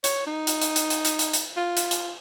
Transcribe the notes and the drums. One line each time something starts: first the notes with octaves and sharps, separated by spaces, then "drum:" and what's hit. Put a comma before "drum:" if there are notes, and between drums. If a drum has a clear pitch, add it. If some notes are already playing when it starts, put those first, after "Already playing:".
C#5, drum: hi-hat
D#4
drum: hi-hat
drum: hi-hat
drum: hi-hat
drum: hi-hat
drum: hi-hat
drum: hi-hat
drum: hi-hat
F4
drum: hi-hat
drum: hi-hat